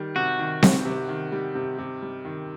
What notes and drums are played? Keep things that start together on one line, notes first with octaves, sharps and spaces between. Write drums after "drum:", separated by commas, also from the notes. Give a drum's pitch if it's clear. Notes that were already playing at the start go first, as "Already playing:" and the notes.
Already playing: D#3 G3
C3 F#4
D#3
G3, drum: snare C4
C3
D#3
G3
C3
C3
G3
D#3